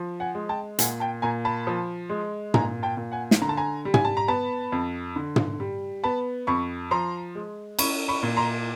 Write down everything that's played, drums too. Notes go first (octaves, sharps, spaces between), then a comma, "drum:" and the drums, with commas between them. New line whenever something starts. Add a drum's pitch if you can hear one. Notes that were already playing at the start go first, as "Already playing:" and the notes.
Already playing: F3
F#5 G#5
G#3
G5 A5
A#2 F#5 G#5, drum: hi-hat
G5 A5
A#2 G#5 A#5
A5 B5
F3
G#3
A#2 G#5 A#5, drum: tom
G5 A5
A#2
F#5 G#5
drum: snare
D3 A#5
A5
G#5 A#5
G3
G#5, drum: tom
A5
A#5
B3 A5 B5
F2
D3
drum: tom
G3
B3 A5 B5
F2 B5 C#6
F3 A#5 C6
G#3
C#4 B5 C#6, drum: cymbal
B5 C#6
A#2
A#5 C6